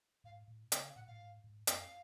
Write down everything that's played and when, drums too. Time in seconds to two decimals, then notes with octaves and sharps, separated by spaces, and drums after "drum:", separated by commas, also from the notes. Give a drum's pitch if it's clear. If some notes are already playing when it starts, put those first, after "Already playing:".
0.24 G#2 F5
0.48 A2
0.72 C#3 C#5, drum: hi-hat
0.84 F5
0.95 A2 F#5
1.07 A2 F5
1.20 G#2
1.44 G#2
1.67 F#2 F5, drum: hi-hat